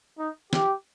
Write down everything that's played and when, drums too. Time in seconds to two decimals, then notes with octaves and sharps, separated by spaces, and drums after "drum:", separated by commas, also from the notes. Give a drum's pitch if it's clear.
0.19 D#4
0.53 G4, drum: snare